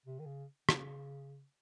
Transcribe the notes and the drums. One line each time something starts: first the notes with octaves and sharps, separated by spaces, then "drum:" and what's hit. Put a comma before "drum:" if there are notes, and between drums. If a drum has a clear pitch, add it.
C3
D#3
C#3
C#3, drum: rim click